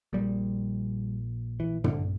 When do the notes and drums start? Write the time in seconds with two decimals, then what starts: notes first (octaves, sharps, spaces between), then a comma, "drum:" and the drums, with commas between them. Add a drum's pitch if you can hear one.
0.13 A#1 A#2 G3
1.60 E3
1.84 D3, drum: tom